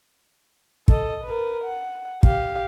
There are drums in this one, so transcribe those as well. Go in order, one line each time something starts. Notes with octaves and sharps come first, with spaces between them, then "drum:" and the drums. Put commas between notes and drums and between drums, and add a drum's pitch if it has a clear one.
A4 D#5, drum: kick
A#4 B4
F#5
G4 F5, drum: kick